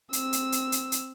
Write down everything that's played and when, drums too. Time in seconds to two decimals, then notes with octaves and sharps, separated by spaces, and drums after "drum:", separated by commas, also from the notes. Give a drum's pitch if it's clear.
0.13 C4 E6, drum: hi-hat
0.33 drum: hi-hat
0.52 drum: hi-hat
0.72 drum: hi-hat
0.92 drum: hi-hat